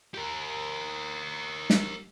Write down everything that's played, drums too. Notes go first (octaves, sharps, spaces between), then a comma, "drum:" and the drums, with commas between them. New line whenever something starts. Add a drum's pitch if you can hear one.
G4 A#4
drum: snare